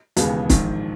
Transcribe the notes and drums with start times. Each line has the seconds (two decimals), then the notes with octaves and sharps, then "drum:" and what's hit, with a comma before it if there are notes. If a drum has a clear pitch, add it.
0.16 E1 D#2 C#3 G#3 B3, drum: hi-hat
0.50 A#1 G#2 D#3, drum: kick, hi-hat